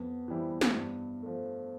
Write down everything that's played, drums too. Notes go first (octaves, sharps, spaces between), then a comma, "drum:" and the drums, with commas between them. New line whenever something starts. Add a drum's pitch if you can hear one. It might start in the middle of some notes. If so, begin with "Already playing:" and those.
Already playing: F2 B3
E3 G3 C4 E4
drum: snare
G2
F3 A3